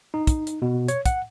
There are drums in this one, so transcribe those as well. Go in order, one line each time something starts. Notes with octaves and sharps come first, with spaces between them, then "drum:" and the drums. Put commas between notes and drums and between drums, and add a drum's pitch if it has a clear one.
D#4
drum: kick, hi-hat
drum: hi-hat
B2
C#5, drum: hi-hat
F#5, drum: kick, hi-hat